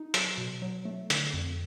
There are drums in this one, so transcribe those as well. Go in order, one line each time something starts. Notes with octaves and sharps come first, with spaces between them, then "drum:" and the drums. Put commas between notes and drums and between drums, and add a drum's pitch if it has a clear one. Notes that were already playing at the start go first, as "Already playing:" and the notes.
Already playing: D#4
F#3, drum: hi-hat
B2
F#3
A3
D3, drum: hi-hat
F2